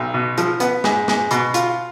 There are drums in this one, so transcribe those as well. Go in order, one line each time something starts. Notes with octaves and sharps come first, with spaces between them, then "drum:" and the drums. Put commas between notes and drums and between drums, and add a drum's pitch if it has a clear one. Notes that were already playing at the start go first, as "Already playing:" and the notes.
Already playing: B1
B2
F3, drum: hi-hat
B3, drum: hi-hat
G#2, drum: snare
G#2, drum: snare
B2, drum: hi-hat
F4, drum: hi-hat